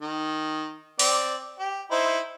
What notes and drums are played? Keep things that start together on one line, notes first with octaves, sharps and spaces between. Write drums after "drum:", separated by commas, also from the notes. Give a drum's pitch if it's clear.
D#3
C4 D5, drum: open hi-hat
G4
D#4 E4 C5